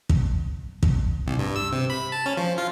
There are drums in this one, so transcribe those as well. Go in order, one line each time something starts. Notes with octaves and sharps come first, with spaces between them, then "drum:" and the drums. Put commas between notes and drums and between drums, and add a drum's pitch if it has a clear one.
drum: kick
drum: kick
C2
G2
E6
C3
B5
A5
C#4
F3
F4